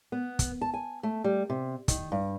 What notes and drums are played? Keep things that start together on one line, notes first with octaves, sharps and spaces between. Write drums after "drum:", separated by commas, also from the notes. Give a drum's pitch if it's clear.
B3
drum: kick, hi-hat
A5
G#5
A3
G3
C3
D#3, drum: kick, hi-hat
G2